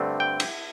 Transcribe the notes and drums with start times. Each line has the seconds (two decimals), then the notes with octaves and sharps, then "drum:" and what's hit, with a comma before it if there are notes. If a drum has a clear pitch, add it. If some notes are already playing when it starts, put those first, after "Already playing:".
Already playing: G2 D3 A3 C4
0.20 G5
0.40 drum: cymbal